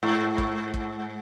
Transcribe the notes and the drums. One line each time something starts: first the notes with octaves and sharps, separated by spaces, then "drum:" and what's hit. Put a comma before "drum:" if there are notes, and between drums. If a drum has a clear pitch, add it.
G#2
drum: kick
drum: kick